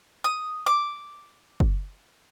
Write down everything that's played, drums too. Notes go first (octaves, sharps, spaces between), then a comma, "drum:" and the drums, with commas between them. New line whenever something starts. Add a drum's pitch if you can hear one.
D#6
D6
drum: kick F#1